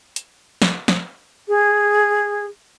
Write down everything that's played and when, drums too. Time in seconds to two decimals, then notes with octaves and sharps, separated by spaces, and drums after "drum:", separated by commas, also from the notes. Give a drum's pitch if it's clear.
0.16 drum: hi-hat
0.62 drum: snare
0.88 drum: snare
1.48 G#4